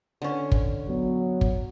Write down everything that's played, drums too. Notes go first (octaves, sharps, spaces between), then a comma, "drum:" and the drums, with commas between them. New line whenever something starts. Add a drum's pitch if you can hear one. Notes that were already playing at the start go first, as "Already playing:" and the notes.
D3 C#4
drum: kick
F#3 B3
drum: kick